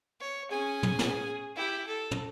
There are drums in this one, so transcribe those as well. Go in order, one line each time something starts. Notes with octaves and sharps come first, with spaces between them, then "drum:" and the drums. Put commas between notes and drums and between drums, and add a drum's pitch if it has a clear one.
C#5
C#4 G#4 G#5
drum: tom
drum: snare
E4 G4
A4
drum: tom